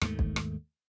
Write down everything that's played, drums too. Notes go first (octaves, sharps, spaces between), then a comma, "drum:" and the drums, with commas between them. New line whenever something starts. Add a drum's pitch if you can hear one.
D#2 G#2 D#3 A3, drum: rim click
drum: kick B1
drum: rim click